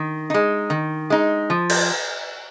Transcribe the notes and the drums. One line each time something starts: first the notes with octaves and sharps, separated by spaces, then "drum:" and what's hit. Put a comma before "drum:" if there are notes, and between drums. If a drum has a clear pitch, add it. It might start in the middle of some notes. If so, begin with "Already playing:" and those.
Already playing: D#3
G#3 D#4
D#3
G#3 D#4
F3
drum: cymbal